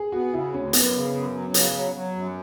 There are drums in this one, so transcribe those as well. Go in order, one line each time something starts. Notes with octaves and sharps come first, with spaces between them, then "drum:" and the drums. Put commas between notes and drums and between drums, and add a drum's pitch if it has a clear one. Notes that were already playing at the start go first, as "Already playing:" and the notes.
Already playing: G#4
B3 F#4
C#3 E4
D2 C#4
F#2 B3, drum: hi-hat
C#3
F#2
F#3
C#3, drum: hi-hat
F#3
F#3
F#2